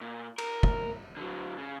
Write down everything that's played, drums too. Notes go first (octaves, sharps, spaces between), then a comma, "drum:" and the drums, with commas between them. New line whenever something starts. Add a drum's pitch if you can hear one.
A#2
A#4, drum: cymbal
drum: kick
D3 F#3
C#3